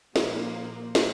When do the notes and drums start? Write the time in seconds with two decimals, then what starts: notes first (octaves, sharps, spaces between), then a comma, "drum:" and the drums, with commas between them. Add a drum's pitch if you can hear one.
0.16 A#2 F3 A#3, drum: snare
0.95 drum: snare